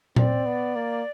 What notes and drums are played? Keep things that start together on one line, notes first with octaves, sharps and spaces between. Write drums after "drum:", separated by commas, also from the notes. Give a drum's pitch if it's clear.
C4 D5, drum: tom A#2
B3
A#3